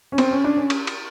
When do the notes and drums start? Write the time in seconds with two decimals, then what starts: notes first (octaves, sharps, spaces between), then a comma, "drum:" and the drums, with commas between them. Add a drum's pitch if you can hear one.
0.12 C#4
0.18 C4, drum: cymbal
0.31 C#4
0.44 D4
0.57 C#4
0.70 drum: cymbal
0.87 drum: cymbal